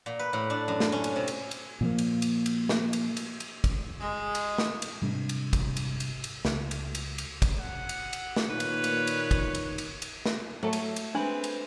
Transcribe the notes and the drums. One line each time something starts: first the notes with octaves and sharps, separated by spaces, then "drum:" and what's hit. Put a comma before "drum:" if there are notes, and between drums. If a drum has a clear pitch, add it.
A#2
B4
A2
D4
F#2
drum: snare
C#4
drum: cymbal
C3
drum: cymbal
drum: cymbal
A#2 F3 A#3
drum: cymbal
drum: cymbal
drum: cymbal
drum: snare
drum: cymbal
drum: cymbal
drum: cymbal
drum: kick, cymbal
G#3
drum: cymbal
drum: snare
drum: cymbal
G#2 C3 G3 D4
drum: cymbal
drum: kick, cymbal
drum: cymbal
drum: cymbal
drum: cymbal
C#2, drum: snare
drum: cymbal
drum: cymbal
drum: cymbal
drum: kick, cymbal
F#5
drum: cymbal
drum: cymbal
drum: snare
A#2 D#3 B4 C#5
drum: cymbal
drum: cymbal
drum: cymbal
drum: kick, cymbal
drum: cymbal
drum: cymbal
drum: cymbal
drum: snare
F#3 A3 A4 C#5
drum: cymbal
drum: cymbal
G#3 C4 D4 B4 B5
drum: cymbal